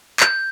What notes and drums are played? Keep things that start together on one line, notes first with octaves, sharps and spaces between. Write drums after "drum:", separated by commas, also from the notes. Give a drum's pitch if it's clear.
G6, drum: clap